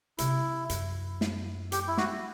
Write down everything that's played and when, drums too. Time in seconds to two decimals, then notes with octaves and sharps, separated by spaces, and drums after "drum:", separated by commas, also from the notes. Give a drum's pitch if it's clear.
0.18 C3 E4, drum: hi-hat
0.69 F#2, drum: hi-hat
1.21 drum: snare
1.72 G4, drum: hi-hat
1.88 E4
1.97 F#4, drum: snare